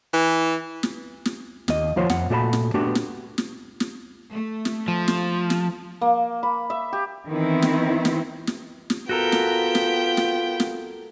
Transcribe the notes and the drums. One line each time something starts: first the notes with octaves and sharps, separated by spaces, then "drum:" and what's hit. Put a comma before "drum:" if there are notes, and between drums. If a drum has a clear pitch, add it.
E3
drum: snare
drum: snare
D#2 D#5, drum: snare
D#2 F3 F4 C5 C#5 F#5
F2 F#5, drum: snare
A#2 A3 F#4 D5 A5 B5
drum: snare
A3 B3 D4 F#4 G4
drum: snare
drum: snare
drum: snare
A3
drum: snare
F3
drum: snare
drum: snare
A#3
B5
E5
G4
D#3 E3 B3 C4 E4
drum: snare
drum: snare
drum: snare
drum: snare
B3 F4 F#4 A4 A#4 G5
drum: snare
drum: snare
drum: snare
drum: snare